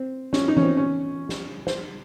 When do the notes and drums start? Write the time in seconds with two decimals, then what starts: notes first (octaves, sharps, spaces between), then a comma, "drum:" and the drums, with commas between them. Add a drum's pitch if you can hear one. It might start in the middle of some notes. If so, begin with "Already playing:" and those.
Already playing: C4
0.33 C#4, drum: snare
0.48 D#4
0.57 C#4, drum: tom E3
0.62 C4
0.77 C#4
1.29 drum: snare
1.67 C5, drum: snare